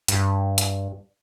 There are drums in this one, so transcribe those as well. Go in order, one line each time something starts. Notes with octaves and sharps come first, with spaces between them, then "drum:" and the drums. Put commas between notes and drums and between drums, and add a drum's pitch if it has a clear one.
G2, drum: hi-hat
drum: hi-hat